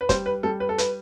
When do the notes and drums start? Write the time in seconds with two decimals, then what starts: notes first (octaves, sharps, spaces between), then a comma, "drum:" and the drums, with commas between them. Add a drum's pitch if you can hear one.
0.01 B4
0.09 G3 C5, drum: kick, hi-hat
0.26 B4
0.43 G3 A4
0.60 B4
0.69 A4
0.78 B4, drum: hi-hat